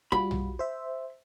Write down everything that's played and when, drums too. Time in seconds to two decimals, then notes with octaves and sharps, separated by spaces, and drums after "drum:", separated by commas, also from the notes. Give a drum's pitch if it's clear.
0.12 G3 F4 F#4 B5, drum: kick
0.31 drum: tom B1
0.59 C5 E5